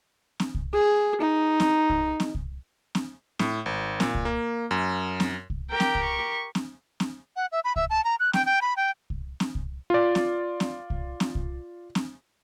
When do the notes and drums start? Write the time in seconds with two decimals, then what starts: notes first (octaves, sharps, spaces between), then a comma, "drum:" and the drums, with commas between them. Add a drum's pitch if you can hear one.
0.40 drum: snare C4
0.55 drum: kick C2
0.74 G#4
1.21 D#4
1.60 drum: snare C4
1.90 drum: kick C2
2.20 drum: snare C4
2.35 drum: kick C2
2.95 drum: snare C4
3.39 A2, drum: snare C4
3.66 G#1
4.00 A#2, drum: snare C4
4.15 drum: kick C2
4.25 A#3
4.71 F#2
5.20 drum: snare C4
5.50 drum: kick C2
5.71 G4 A#4 G5
5.80 drum: snare C4
5.95 drum: kick C2
6.04 C#6
6.55 drum: snare C4
7.00 drum: snare C4
7.36 F#5
7.52 E5
7.64 B5
7.76 E5, drum: kick C2
7.90 A5
8.04 A#5
8.20 F#6
8.33 G5, drum: snare C4
8.46 G5
8.62 B5
8.77 G5
9.10 drum: kick C2
9.40 drum: snare C4
9.55 drum: kick C2
9.90 F4 D5
10.15 drum: snare C4
10.60 drum: snare C4
10.90 drum: kick C2
11.20 drum: snare C4
11.35 drum: kick C2
11.95 drum: snare C4